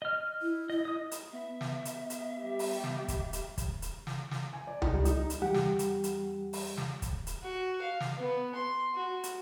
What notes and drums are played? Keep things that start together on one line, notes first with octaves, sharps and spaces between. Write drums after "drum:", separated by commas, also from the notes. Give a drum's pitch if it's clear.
D#5 F6
E4
E4 D#5
D#5 D#6
drum: hi-hat
B3 E5
drum: snare
drum: hi-hat
drum: hi-hat
G3 G4
drum: open hi-hat
drum: snare
drum: kick, hi-hat
drum: hi-hat
drum: kick, hi-hat
drum: hi-hat
drum: snare
drum: snare
G#5
D5
D#4, drum: tom C#2
G3
D#4, drum: hi-hat
drum: hi-hat
E2 G3 G4 F#5
drum: snare
drum: hi-hat
drum: hi-hat
drum: open hi-hat
drum: snare
drum: kick, hi-hat
drum: hi-hat
F#4
F5
drum: snare
B3
C6
F#4
drum: hi-hat